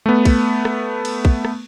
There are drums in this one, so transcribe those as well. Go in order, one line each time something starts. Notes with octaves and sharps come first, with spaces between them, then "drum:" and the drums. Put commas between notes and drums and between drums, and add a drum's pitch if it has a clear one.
A3 B3
drum: kick, cymbal
drum: rim click
drum: cymbal
drum: kick
drum: rim click